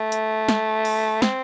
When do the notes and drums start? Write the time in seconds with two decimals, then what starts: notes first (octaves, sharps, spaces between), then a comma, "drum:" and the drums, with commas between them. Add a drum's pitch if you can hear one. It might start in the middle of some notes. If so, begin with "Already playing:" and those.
Already playing: A3
0.12 drum: hi-hat
0.48 drum: snare
0.85 drum: open hi-hat
1.22 C4, drum: snare